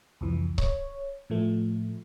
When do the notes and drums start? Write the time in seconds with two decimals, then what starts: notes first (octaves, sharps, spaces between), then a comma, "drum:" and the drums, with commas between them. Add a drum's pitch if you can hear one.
0.21 C2 F2 E3
0.58 C#5, drum: kick C#1
1.30 A2 F3 A3